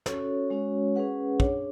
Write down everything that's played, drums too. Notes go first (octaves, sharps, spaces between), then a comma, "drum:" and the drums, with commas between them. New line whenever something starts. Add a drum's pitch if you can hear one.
C#4 F#4 A4 C#5, drum: snare
G#3 C#4 F#4 C#5
C#4 G#4 B4 F#5
D4 G#4 C#5, drum: kick